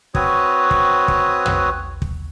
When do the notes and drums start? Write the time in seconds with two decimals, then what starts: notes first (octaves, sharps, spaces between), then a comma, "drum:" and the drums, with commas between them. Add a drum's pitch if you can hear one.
0.15 C4 F#4 B4 C#5 D#6, drum: kick
0.71 drum: kick
1.08 drum: kick
1.46 drum: tom
2.02 drum: kick